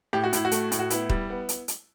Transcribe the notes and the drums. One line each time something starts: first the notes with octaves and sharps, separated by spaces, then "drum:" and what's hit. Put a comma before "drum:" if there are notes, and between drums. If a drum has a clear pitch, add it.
A2 G4
F#4
A2 E4, drum: hi-hat
F#4
A3, drum: hi-hat
A2, drum: hi-hat
F#4
B3 E4, drum: hi-hat
G3, drum: kick
B3
drum: hi-hat
drum: hi-hat